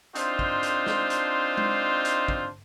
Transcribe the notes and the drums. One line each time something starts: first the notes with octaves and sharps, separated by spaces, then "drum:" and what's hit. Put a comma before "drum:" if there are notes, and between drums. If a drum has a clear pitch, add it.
C4 D4 D#4 F4 C5, drum: hi-hat
drum: kick
drum: hi-hat
drum: snare
drum: hi-hat
drum: tom G#3
drum: hi-hat
drum: kick